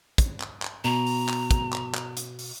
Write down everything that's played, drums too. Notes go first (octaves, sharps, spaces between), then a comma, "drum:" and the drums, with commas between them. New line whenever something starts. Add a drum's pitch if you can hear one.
drum: kick, hi-hat
drum: clap
drum: clap
B2 A#5
drum: open hi-hat
drum: clap
drum: kick, hi-hat
drum: clap
drum: clap
drum: hi-hat
drum: open hi-hat